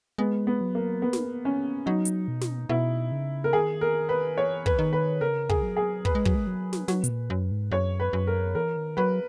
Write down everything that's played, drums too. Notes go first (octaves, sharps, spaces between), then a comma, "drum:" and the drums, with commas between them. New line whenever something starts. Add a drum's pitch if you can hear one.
G#3 B3
B3
F#3
A#3
B3
drum: snare
C#4
F#3 D#4
drum: hi-hat
B2
drum: snare
B2 E4
C#3
A#4
D#3 G#4
A#4
B4
E3 C#5
B4, drum: kick
D#3
B4
C#3 A#4
G#4, drum: kick
F#3
G#4
B4, drum: kick
G#3
F#3, drum: kick
G#3
F#3
drum: snare
F#3, drum: snare
B2, drum: hi-hat
A#2
F#2
G#2
F#2 C#5
B4
F#2
A#4
E3 A#4
D#3
F#3 B4